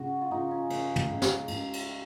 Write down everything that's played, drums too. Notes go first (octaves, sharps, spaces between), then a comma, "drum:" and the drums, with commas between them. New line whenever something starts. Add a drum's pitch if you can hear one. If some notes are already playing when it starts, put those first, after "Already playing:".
Already playing: C#3 F#4
F4
C#3 D#4
C#4
C#3, drum: cymbal
drum: tom
C#2
drum: snare
C#2, drum: cymbal
drum: cymbal